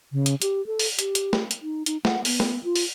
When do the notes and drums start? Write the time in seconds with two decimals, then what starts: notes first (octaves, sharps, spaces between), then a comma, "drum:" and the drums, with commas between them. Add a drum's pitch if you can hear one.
0.12 C#3
0.26 drum: hi-hat
0.42 G4, drum: hi-hat
0.66 A4
0.79 drum: open hi-hat
0.99 G4, drum: hi-hat
1.15 drum: hi-hat
1.33 drum: snare
1.51 drum: hi-hat
1.62 D#4
1.86 D#4, drum: hi-hat
2.05 F#5, drum: snare
2.25 B3, drum: open hi-hat
2.40 drum: snare
2.64 F4
2.76 drum: open hi-hat